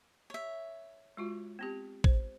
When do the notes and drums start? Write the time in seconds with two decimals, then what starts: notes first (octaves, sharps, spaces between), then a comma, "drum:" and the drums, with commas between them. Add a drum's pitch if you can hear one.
0.30 C#5 E5
1.17 G#3 F4 F#4
1.59 B3 C4 G4
2.04 C5, drum: kick A#1